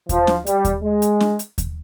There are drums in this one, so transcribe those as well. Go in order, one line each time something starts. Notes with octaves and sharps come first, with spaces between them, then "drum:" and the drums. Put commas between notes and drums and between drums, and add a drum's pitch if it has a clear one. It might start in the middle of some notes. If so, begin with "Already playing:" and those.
F3, drum: kick D#2, hi-hat
drum: snare
G3, drum: hi-hat
drum: kick D#2, hi-hat
G#3
drum: hi-hat
drum: snare
drum: hi-hat
drum: kick D#2, hi-hat